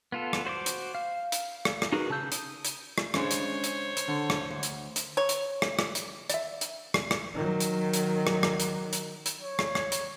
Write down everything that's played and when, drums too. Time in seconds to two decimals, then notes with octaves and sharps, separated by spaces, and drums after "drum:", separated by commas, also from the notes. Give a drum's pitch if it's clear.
0.12 B3 F4 A4
0.33 drum: rim click
0.45 F#4 C5 D#5 D6
0.66 drum: hi-hat
0.95 F5
1.32 drum: hi-hat
1.65 drum: rim click
1.82 drum: rim click
1.92 D#4 F#4 G#4 A#4 B4
2.10 C#3 A5 E6 G6
2.32 D#6, drum: hi-hat
2.65 drum: hi-hat
2.98 drum: rim click
3.14 C#3 G#3 D4 C5 C#5, drum: rim click
3.31 drum: hi-hat
3.64 drum: hi-hat
3.97 drum: hi-hat
4.08 D3
4.30 drum: rim click
4.50 D2
4.63 drum: hi-hat
4.96 drum: hi-hat
5.17 C#5
5.29 drum: hi-hat
5.62 drum: rim click
5.79 drum: rim click
5.95 drum: hi-hat
6.30 D5 E5, drum: hi-hat
6.61 drum: hi-hat
6.94 drum: rim click
7.11 drum: rim click
7.34 D#3 F#3
7.60 drum: hi-hat
7.94 drum: hi-hat
8.27 drum: rim click
8.43 drum: rim click
8.60 drum: hi-hat
8.93 drum: hi-hat
9.26 drum: hi-hat
9.42 C#5
9.59 drum: rim click
9.75 drum: rim click
9.92 drum: hi-hat